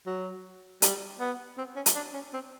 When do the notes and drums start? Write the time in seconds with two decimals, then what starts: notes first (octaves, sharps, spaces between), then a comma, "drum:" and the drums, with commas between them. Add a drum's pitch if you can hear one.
0.06 F#3
0.82 G3, drum: hi-hat
1.20 B3
1.57 C4
1.76 C#4
1.86 drum: hi-hat
1.95 D4
2.14 C#4
2.33 C4